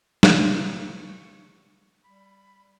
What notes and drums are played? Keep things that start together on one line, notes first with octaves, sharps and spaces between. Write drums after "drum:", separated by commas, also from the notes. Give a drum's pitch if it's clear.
drum: snare
C4 C#6
G4
G3 B5